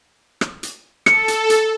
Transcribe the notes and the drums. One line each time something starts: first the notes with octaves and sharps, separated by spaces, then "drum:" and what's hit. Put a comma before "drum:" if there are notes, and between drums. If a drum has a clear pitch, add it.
drum: rim click
drum: hi-hat
A4 C#7, drum: rim click
drum: hi-hat
drum: hi-hat